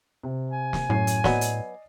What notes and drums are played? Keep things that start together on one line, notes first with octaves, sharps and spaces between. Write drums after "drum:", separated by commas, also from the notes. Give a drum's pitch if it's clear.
C3
G#5
drum: snare
F#2 A2 C#5 C7
drum: hi-hat
F#3 B3 D5 D#5, drum: snare
drum: hi-hat